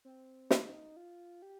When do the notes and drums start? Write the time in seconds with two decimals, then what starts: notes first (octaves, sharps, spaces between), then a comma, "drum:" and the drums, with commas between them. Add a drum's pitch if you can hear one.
0.05 C4
0.50 D#4, drum: snare
0.96 F4
1.42 G4